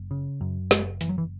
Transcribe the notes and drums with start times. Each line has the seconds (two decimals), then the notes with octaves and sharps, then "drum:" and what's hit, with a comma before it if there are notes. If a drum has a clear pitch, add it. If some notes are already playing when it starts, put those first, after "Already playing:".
Already playing: F#1
0.11 C#3
0.41 F#2
0.71 F#1 G#3, drum: snare
1.01 F#1 E3, drum: hi-hat
1.09 F#3
1.18 E3